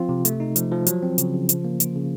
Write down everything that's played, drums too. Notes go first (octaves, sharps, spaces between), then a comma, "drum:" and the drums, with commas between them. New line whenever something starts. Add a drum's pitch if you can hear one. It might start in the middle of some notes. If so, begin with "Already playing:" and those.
Already playing: F3 C4 F4
C3
A3, drum: hi-hat
D#4
F3, drum: hi-hat
F3
F#3, drum: hi-hat
C4
C#3, drum: hi-hat
C#3
F3, drum: hi-hat
A#3
F4, drum: hi-hat
C#3